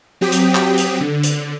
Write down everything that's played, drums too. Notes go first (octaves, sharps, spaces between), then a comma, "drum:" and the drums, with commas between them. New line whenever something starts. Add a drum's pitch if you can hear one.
F#3 C4 G4 G5 D#6 B6
drum: hi-hat
drum: clap
drum: hi-hat
D3
drum: hi-hat